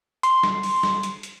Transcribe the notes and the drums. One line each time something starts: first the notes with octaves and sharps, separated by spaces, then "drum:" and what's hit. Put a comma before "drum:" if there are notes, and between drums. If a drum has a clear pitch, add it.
C6, drum: hi-hat
drum: snare
drum: open hi-hat
drum: snare
drum: hi-hat
drum: hi-hat